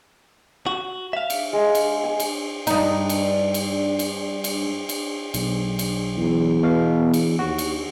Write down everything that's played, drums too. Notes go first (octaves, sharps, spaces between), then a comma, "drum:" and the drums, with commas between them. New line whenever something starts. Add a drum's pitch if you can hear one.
F#4
E5 F5
drum: cymbal
G#3
drum: cymbal
G#5
drum: cymbal
G2 D#4, drum: cymbal
drum: cymbal
drum: cymbal
drum: cymbal
drum: cymbal
drum: cymbal
B1, drum: cymbal
drum: cymbal
E2
B2 F5
drum: cymbal
D#2 F#4
drum: cymbal